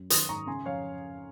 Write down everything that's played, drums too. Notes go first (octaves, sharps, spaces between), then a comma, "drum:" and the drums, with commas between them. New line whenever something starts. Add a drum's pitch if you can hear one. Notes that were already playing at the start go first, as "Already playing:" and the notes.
Already playing: F#2
D#3 C6 D#6, drum: hi-hat
G#2 A#5 C#6
C#3 G#5 C6
F2 C#5 F5